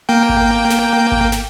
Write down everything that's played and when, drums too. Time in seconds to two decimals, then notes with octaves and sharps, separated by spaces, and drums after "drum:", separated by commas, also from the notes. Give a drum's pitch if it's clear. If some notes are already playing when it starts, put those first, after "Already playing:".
0.09 A#3 G5
0.29 drum: kick G#1
0.70 drum: snare
1.12 drum: kick G#1
1.32 drum: snare